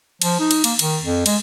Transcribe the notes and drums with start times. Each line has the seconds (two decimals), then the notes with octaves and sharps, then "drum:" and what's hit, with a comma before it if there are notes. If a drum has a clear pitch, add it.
0.22 F3, drum: cymbal
0.39 D#4
0.51 drum: cymbal
0.64 A#3, drum: cymbal
0.79 D#3, drum: cymbal
1.03 F2
1.26 G#3, drum: cymbal